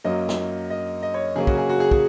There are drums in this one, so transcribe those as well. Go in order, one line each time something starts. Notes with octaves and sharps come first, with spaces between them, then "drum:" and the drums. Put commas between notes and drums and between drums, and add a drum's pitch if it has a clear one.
F#2 F#3 A#3 D#5
drum: snare
D#5
D#5
C#5
C#3 F#3 A#3 C#4 G#4
F#4, drum: kick
G#4
F#4
G#4
G#4, drum: kick